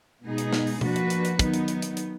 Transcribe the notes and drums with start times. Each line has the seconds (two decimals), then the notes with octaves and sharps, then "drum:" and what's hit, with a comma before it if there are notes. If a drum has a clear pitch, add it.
0.24 B2 G#3 B3 D#4 G#4
0.38 drum: hi-hat
0.53 drum: snare
0.67 drum: open hi-hat
0.81 F3 A#3 D4 F#4 B4, drum: tom B2
0.96 drum: hi-hat
1.10 drum: hi-hat
1.25 drum: hi-hat
1.39 D#3 F#3 B3 D#4, drum: kick, hi-hat
1.54 drum: hi-hat
1.68 drum: hi-hat
1.82 drum: hi-hat
1.97 drum: hi-hat